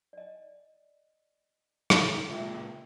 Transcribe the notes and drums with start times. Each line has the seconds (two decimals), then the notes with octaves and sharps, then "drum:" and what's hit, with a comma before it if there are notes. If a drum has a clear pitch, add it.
0.13 D5 D#5
1.90 drum: rim click
2.30 C#2 A#2 F4 E5 G5